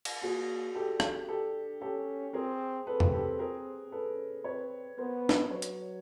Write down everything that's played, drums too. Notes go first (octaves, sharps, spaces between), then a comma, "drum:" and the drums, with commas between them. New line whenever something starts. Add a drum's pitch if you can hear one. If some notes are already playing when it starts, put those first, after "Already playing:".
drum: cymbal
A#3 F#4 G#4
D4 G4 A4
drum: rim click
D4 G4 A4
C#4 G4 A4
C4 G#4 A#4
C4 A4 B4
drum: tom E2
G4 A4
G#4 A#4
C#4 A4 B4
C4 B4 C#5
B3 A#4 C5
drum: snare
F#3 B4 C#5
drum: hi-hat